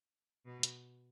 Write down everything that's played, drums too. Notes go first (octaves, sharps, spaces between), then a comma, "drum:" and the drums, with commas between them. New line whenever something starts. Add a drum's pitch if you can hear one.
B2
drum: hi-hat